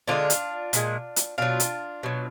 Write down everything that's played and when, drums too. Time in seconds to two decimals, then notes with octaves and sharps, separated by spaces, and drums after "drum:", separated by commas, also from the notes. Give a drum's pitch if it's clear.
0.07 D3 F3 G#3 D4 F4
0.30 drum: hi-hat
0.73 A#2 G#3, drum: hi-hat
1.16 drum: hi-hat
1.38 B2 F#3 D4 F4
1.60 drum: hi-hat
2.03 B2 F#3